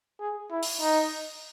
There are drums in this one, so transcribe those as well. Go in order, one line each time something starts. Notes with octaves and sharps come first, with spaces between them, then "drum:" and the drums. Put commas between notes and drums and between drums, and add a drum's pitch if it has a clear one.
G#4
E4
drum: open hi-hat
D#4